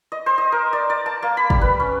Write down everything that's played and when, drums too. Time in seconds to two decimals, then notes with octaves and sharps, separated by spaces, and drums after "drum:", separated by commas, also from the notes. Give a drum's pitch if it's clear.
0.12 D#5
0.26 C5
0.38 D#5
0.52 A#4
0.73 D5
0.90 D5
1.06 A5
1.23 A#3
1.37 B5
1.50 G3, drum: kick
1.61 B4
1.80 C#4